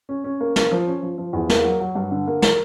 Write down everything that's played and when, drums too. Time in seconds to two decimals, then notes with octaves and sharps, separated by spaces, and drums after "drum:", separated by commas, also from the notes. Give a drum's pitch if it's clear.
0.09 C#4
0.24 C#4
0.41 A#3
0.56 A#3, drum: snare
0.71 F3
0.87 C#4
1.02 F3
1.18 F3
1.33 E2
1.49 A#3, drum: snare
1.65 F#3
1.80 F#3
1.95 G2
2.11 D3
2.27 A#3
2.42 A#4, drum: snare